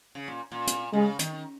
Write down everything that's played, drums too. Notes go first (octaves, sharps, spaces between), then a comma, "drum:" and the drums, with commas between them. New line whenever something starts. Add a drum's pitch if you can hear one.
C#3
A#2
A#2
drum: hi-hat
C#3 G#3
D#3, drum: hi-hat